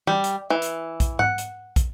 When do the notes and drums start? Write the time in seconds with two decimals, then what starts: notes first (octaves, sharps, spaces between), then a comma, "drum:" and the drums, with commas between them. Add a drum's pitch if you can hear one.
0.07 G3, drum: tom E3
0.24 drum: hi-hat
0.50 E3
0.62 drum: hi-hat
1.00 drum: kick, hi-hat
1.19 F#5, drum: tom G#2
1.38 drum: hi-hat
1.76 drum: kick, hi-hat